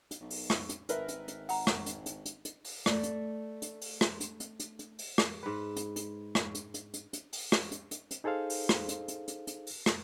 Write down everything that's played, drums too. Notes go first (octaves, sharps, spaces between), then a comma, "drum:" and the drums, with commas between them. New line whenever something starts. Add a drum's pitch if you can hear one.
drum: hi-hat
B1
drum: open hi-hat
drum: rim click
drum: hi-hat
G#1 A#4 B4 E5, drum: hi-hat
drum: hi-hat
drum: hi-hat
F#5 A#5, drum: open hi-hat
drum: rim click
drum: hi-hat
drum: hi-hat
drum: hi-hat
drum: hi-hat
drum: open hi-hat
A3 D5, drum: rim click
drum: hi-hat
drum: hi-hat
drum: open hi-hat
drum: rim click
drum: hi-hat
drum: hi-hat
drum: hi-hat
drum: hi-hat
drum: open hi-hat
drum: rim click
G#2 B4
drum: hi-hat
drum: hi-hat
drum: rim click
drum: hi-hat
drum: hi-hat
drum: hi-hat
drum: hi-hat
drum: open hi-hat
drum: rim click
drum: hi-hat
drum: hi-hat
drum: hi-hat
D#4 G#4 A4 C5 F5
drum: open hi-hat
drum: rim click
drum: hi-hat
drum: hi-hat
drum: hi-hat
drum: hi-hat
drum: open hi-hat
drum: rim click